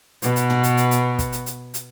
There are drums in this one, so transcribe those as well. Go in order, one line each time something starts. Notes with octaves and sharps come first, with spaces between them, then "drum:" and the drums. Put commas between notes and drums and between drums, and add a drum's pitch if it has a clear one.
B2 B3, drum: hi-hat
drum: hi-hat
drum: tom
drum: hi-hat
drum: hi-hat
drum: hi-hat
drum: kick, hi-hat
drum: hi-hat
drum: hi-hat
drum: hi-hat